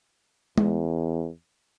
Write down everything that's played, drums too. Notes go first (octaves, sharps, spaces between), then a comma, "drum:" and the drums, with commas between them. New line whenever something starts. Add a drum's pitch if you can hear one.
E2, drum: tom G#3